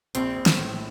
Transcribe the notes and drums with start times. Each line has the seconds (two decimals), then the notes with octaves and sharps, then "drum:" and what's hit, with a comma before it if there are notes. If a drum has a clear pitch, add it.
0.15 A#1 C4, drum: hi-hat
0.36 A#1
0.46 drum: snare
0.57 A2